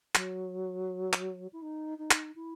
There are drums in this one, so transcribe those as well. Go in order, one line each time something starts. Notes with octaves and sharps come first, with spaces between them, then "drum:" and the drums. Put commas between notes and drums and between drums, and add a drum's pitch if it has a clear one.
F#3, drum: clap
drum: clap
E4
D#4
D#4
drum: clap
E4